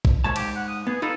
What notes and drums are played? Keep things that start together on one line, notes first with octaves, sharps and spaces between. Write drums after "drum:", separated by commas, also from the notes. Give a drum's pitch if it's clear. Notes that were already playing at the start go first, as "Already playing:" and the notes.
drum: kick A#1
G#2 G#3 C#5 A5
G4, drum: cymbal
F#5
D#6
B3 G#4
D#4 F4 A4 B4